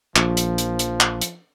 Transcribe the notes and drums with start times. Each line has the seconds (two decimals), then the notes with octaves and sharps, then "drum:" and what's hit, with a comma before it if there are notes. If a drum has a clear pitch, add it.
0.16 A#1 F3, drum: clap
0.37 drum: hi-hat
0.58 drum: hi-hat
0.79 drum: hi-hat
1.00 drum: clap
1.22 drum: hi-hat